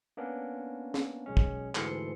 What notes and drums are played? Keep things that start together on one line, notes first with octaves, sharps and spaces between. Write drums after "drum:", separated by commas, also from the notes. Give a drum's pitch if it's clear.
A#3 B3 C#4 D4
drum: snare
B1 G#3 C#4
drum: kick
D2 G#2 E3 A4 C6 C#7, drum: clap